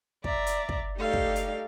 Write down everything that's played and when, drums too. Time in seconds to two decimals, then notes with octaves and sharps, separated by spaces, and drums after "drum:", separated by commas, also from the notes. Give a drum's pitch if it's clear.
0.24 D5 E5 A#5, drum: kick
0.46 drum: hi-hat
0.69 drum: kick
0.98 A3 D#4 G4 A4 D5 F5
1.13 drum: kick
1.36 drum: hi-hat